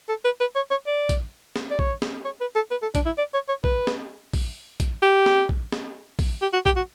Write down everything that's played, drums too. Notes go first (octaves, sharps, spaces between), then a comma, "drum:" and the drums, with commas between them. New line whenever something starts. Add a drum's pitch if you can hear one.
A4
B4
B4
C#5
C#5
D5
drum: kick, hi-hat
drum: snare
D5
C#5, drum: kick
drum: snare
C#5
B4
A4
B4
A4
D4, drum: kick, hi-hat
E4
D5
C#5
C#5
B4, drum: kick
drum: snare
drum: kick, open hi-hat
drum: kick, hi-hat
G4
drum: snare
drum: kick
drum: snare
drum: kick, open hi-hat
G4
F#4
G4, drum: kick
F#4